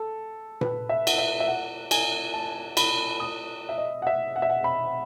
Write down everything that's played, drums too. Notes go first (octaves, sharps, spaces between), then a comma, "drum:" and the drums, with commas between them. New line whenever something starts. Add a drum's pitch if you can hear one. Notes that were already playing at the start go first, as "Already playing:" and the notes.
Already playing: A4
B4, drum: tom A#2
E5
F#5, drum: cymbal
E5
E5
F#5
G#5, drum: cymbal
A5
B5, drum: cymbal
D#6
E5
D#5
F#5
E5
F#5
E5
F#5
B5